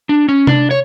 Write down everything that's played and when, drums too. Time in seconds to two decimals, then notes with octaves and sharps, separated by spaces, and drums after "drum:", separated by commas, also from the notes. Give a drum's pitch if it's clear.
0.09 D4
0.29 C#4
0.47 D4, drum: tom C3
0.71 C#5